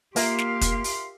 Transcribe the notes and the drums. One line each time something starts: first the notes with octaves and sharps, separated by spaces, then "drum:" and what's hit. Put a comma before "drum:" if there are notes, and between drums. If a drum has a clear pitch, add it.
A#3 F4 G4 A#4 E5 F5 C6, drum: open hi-hat
drum: snare
drum: kick, hi-hat
drum: open hi-hat